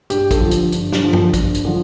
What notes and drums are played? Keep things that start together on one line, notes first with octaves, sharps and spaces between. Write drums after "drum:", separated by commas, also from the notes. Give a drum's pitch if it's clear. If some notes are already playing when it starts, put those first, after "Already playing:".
G2 G4, drum: hi-hat
A4, drum: kick, hi-hat
D3 F3
drum: hi-hat
G2, drum: hi-hat
drum: snare
D3 F3
drum: tom
G2, drum: kick, hi-hat
drum: hi-hat
D3 F3